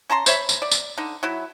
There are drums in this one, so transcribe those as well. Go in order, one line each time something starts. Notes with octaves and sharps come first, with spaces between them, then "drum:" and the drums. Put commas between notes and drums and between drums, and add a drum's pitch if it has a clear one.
C#4 A5 A#5 C6
C5 C#5 E5 B5, drum: tambourine
drum: tambourine
D5
drum: tambourine
D3 D#4
F#3 E4